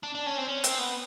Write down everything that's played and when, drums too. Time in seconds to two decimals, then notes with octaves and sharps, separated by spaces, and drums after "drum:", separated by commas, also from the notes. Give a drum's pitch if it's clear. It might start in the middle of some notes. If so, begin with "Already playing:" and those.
0.03 D4
0.15 D4
0.26 C#4
0.38 C4
0.48 C#4
0.64 C4, drum: hi-hat
0.79 B3